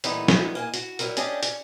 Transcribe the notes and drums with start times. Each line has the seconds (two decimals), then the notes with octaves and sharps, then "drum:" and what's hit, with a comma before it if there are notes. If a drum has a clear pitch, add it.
0.04 A#2 E3 G3 A3 B3 D#4, drum: hi-hat
0.28 drum: snare
0.55 A#3 D#5 G#5
0.74 F#4, drum: hi-hat
0.99 F#3 G3 E4 A#4, drum: hi-hat
1.17 C#4 D4 G4 A4 D#5, drum: hi-hat
1.43 C#4, drum: hi-hat